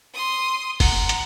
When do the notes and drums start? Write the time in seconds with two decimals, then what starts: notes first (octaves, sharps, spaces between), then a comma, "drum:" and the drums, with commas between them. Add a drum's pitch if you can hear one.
0.14 C6 D#6
0.80 F#5 A#5, drum: kick F#1, open hi-hat
1.09 drum: hi-hat